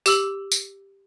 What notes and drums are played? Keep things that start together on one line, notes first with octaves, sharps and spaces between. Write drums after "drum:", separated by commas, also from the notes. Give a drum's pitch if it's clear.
G4 E6 F#7, drum: tambourine
drum: tambourine